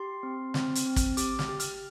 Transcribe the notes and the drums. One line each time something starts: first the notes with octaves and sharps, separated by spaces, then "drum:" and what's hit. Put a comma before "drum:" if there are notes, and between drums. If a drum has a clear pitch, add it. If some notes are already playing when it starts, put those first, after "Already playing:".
Already playing: G4 C6
C4
C4, drum: snare
drum: hi-hat
C4
drum: kick, hi-hat
G4 D6, drum: hi-hat
F6, drum: snare
G4
F6, drum: hi-hat